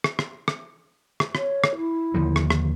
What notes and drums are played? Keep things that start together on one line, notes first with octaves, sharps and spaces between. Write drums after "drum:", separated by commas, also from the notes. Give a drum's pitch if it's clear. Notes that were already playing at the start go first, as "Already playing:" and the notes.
drum: rim click
drum: rim click
drum: rim click
drum: rim click
C#5, drum: rim click
drum: rim click
E4
D#2 D3 F3
drum: rim click
A#3, drum: rim click